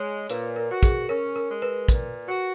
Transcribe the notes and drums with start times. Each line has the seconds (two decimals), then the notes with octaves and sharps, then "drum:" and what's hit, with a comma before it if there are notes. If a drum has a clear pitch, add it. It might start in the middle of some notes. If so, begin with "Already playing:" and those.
Already playing: G#3 C#5
0.29 A#2 B4, drum: hi-hat
0.56 A#4
0.70 F#4
0.83 G#4, drum: kick, hi-hat
1.09 C#4 A#4
1.36 A#4
1.50 G#3
1.62 B4
1.88 A#2, drum: kick, hi-hat
2.29 F#4